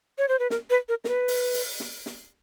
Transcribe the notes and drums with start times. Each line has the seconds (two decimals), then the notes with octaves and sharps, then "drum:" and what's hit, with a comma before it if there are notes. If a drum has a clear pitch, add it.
0.18 C#5
0.28 C5
0.39 B4
0.50 A#4, drum: snare
0.70 B4
0.89 A#4
1.04 A#4, drum: snare
1.08 B4
1.28 drum: open hi-hat
1.54 drum: open hi-hat
1.80 drum: snare
2.06 drum: snare